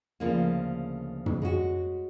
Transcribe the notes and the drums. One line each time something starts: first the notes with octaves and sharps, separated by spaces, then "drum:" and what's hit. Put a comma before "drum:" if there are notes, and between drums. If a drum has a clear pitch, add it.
D2 C#3 F3 A#3
drum: tom
G#3 C#4 F#4